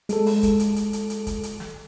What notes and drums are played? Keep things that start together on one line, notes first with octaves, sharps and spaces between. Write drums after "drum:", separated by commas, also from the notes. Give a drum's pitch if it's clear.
G#3 A4, drum: hi-hat
drum: open hi-hat
drum: kick, hi-hat
drum: hi-hat
drum: hi-hat
drum: hi-hat
drum: hi-hat
drum: kick, hi-hat
drum: hi-hat
drum: snare